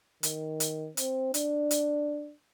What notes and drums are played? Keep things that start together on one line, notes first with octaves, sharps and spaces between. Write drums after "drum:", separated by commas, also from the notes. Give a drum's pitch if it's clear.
D#3, drum: hi-hat
drum: hi-hat
C4, drum: hi-hat
D4, drum: hi-hat
drum: hi-hat